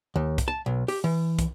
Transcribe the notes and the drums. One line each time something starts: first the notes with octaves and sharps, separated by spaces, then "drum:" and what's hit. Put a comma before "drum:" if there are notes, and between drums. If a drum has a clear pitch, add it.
D#2
drum: kick, hi-hat
A5
B1
G4, drum: open hi-hat
E3
drum: kick, hi-hat